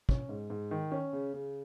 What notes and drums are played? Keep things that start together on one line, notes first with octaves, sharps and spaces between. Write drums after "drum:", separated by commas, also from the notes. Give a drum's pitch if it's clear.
C#4, drum: kick
G#2
G#2
D#3
C#4
C#3
C#3